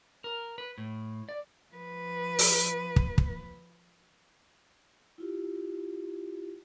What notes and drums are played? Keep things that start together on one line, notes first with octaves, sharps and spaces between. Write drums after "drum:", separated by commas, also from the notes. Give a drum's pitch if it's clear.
A#4
B4
A2
D5
F3 B4
drum: open hi-hat
drum: kick
drum: kick
E4 F4 G4